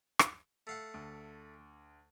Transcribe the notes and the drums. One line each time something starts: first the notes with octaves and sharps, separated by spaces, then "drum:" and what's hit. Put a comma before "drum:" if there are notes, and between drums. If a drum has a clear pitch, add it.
drum: rim click
A3 F5 F#5
D2